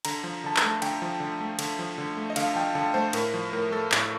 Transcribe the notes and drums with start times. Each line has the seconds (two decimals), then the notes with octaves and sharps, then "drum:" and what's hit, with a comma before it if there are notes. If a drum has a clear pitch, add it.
0.05 D3 A#5, drum: cymbal
0.24 F3
0.44 D3 A5
0.57 A#5, drum: clap
0.62 A3
0.82 D3 G5, drum: cymbal
1.02 F3
1.20 D3
1.40 A3
1.59 D3, drum: cymbal
1.79 F3
1.98 D3
2.17 A3
2.30 D#5
2.36 D3 F5, drum: cymbal
2.49 A5
2.55 F3 G5
2.75 D3 A5
2.94 A3 C5
3.13 A2 A#4, drum: cymbal
3.34 F3
3.53 A2 A#4
3.71 A3 A4
3.92 A2, drum: clap